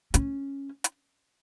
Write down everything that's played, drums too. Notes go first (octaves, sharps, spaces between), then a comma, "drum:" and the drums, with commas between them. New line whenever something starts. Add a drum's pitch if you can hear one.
C#4, drum: hi-hat
drum: hi-hat